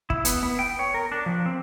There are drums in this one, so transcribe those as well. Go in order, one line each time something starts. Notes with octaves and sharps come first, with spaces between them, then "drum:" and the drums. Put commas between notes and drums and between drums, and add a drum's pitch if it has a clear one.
E4, drum: kick
B3, drum: hi-hat
B3
G5
C#5
A#4
D4
F3
C4